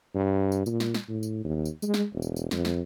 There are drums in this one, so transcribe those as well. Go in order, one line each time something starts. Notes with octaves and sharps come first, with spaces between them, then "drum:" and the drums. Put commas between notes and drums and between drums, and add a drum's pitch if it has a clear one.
G2
drum: tambourine
A#2, drum: tambourine
drum: snare
drum: snare
A2
drum: tambourine
D#2
drum: tambourine
G#3, drum: tambourine
drum: snare
E1
drum: tambourine
drum: tambourine
F2, drum: snare
drum: snare